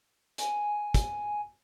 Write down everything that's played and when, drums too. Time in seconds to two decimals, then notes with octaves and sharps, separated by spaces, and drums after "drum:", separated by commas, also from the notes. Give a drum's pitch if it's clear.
0.38 G#5, drum: hi-hat
0.94 drum: kick, hi-hat